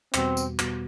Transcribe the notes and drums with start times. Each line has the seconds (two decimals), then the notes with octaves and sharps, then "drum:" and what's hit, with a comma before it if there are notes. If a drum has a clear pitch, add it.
0.14 E2 B2 G3 B3 C4 F#4, drum: clap
0.37 drum: tambourine
0.59 B2 G3 B3 F#4, drum: clap